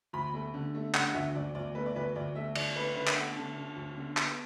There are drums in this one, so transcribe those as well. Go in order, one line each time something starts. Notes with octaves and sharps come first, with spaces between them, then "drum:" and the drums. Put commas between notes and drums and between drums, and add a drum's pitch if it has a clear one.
D2 B5
A3
D3
A3
D3 F#5, drum: clap
F#5
D2 E5
D2 D5
D2 D5
A3 B4
D5
D2 B4
D2 D5
A3 E5
D2 D5, drum: cymbal
A3 B4
D3 B4
E5, drum: clap
A3 F#5
D3 A5
D3
D2
D3
B3, drum: clap